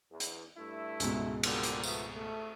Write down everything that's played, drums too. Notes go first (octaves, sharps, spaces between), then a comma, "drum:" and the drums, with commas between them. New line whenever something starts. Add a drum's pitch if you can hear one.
E2
drum: hi-hat
G2 A3 E4
C#2 G#2 B2, drum: hi-hat
A#2 D3 G3, drum: cymbal
drum: hi-hat
F3 A3 B3, drum: tambourine
A3